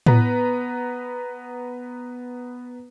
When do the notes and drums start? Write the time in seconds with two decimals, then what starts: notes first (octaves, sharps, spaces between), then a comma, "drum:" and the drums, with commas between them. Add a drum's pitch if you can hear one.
0.06 B3 B4 A#5, drum: tom A2